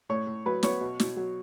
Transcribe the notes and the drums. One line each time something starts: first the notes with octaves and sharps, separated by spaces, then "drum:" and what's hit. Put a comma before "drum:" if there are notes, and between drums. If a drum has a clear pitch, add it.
A2 C#5
A2
F#3 B4
B3 C#5, drum: snare
B2
B2, drum: snare
F#3